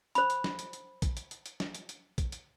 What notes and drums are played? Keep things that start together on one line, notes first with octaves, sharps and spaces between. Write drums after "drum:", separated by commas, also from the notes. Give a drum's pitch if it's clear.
C5 B5, drum: hi-hat
drum: hi-hat
drum: snare
drum: hi-hat
drum: hi-hat
drum: kick, hi-hat
drum: hi-hat
drum: hi-hat
drum: hi-hat
drum: snare
drum: hi-hat
drum: hi-hat
drum: kick, hi-hat
drum: hi-hat